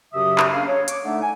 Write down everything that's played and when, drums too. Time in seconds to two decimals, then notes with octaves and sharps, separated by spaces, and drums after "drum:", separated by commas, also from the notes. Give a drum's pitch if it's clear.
0.13 F#2 C#3 F#3 G4 E5 D#6
0.38 drum: clap
0.52 A#3 C#4 D4 G#4 F5
0.67 C#5
0.88 C#6 D6, drum: hi-hat
1.04 D3 A3 D4 D#4 E5 F#5
1.21 G#5